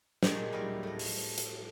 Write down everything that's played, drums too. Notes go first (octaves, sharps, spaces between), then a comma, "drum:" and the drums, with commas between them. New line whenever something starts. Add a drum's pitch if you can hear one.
A#2 G#3 G#4 G5 A5, drum: snare
G3 E4 D#5 F5
A2 D#5
drum: open hi-hat
drum: hi-hat